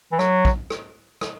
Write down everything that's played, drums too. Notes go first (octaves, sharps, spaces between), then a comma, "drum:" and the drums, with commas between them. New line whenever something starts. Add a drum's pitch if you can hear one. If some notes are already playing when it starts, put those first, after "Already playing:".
E3
F#3, drum: rim click
drum: kick
drum: rim click
drum: rim click